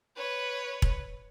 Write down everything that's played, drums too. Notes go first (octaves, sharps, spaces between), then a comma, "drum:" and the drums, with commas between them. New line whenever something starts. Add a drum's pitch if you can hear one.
B4 C#5
drum: kick E1